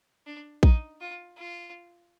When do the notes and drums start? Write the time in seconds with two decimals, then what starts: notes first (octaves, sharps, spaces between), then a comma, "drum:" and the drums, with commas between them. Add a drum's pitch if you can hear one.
0.26 D4
0.63 D#4, drum: kick A#1
1.01 F4
1.37 F4